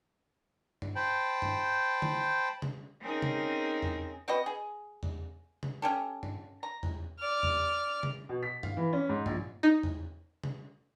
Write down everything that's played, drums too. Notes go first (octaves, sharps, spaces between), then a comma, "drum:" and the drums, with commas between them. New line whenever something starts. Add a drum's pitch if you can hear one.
drum: tom G2
C5 G5 A5 B5
drum: tom G2
drum: tom D3
drum: tom
C4 C#4 D#4 G#4 A#4
drum: tom
drum: tom E2
C4 F#4 B4 D#5
G#4
drum: tom E2
drum: tom
C#4 G4 A4
drum: tom G2
A#5
drum: tom E2
D5 F6
drum: tom E2
drum: tom
B2
B6
F5, drum: tom G2
E3
C#4
G#2
A#1, drum: tom G2
D#4
drum: tom E2
drum: tom